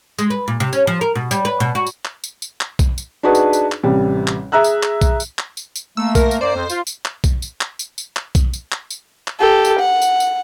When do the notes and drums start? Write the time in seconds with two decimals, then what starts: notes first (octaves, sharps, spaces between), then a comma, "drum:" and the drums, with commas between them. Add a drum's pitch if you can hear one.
0.19 G#3, drum: tambourine
0.30 B4
0.48 A#2
0.60 C3
0.73 C#4, drum: tambourine
0.87 F3
1.01 A#4
1.15 B2
1.31 G3, drum: tambourine
1.45 B4
1.60 B2
1.75 F#4
1.87 drum: tambourine
2.05 drum: clap
2.24 drum: tambourine
2.42 drum: tambourine
2.61 drum: clap
2.79 drum: kick B1, tambourine
2.98 drum: tambourine
3.23 D4 D#4 F#4 G#4 B4
3.35 drum: tambourine
3.53 drum: tambourine
3.72 drum: clap
3.83 A1 C3 G3
4.27 drum: clap
4.52 G#4 E5 A#5 E6 F#6
4.64 drum: tambourine
4.83 drum: clap
5.01 drum: kick B1, tambourine
5.20 drum: tambourine
5.39 drum: clap
5.57 drum: tambourine
5.76 drum: tambourine
5.97 A3 A#3 E6
6.15 A#4, drum: kick B1, tambourine
6.31 drum: tambourine
6.41 F#2 A#3 C5 D5
6.55 F2
6.70 F4, drum: tambourine
6.87 drum: tambourine
7.05 drum: clap
7.24 drum: kick B1, tambourine
7.42 drum: tambourine
7.61 drum: clap
7.79 drum: tambourine
7.98 drum: tambourine
8.16 drum: clap
8.35 drum: kick B1, tambourine
8.53 drum: tambourine
8.72 drum: clap
8.91 drum: tambourine
9.28 drum: clap
9.40 G4 A4
9.65 drum: tambourine
9.79 F#5
10.02 drum: tambourine
10.20 drum: tambourine